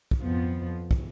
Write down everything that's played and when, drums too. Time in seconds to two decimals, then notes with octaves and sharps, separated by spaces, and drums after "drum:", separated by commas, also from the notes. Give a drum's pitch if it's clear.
0.11 drum: kick
0.21 F2 F3 B3
0.91 drum: kick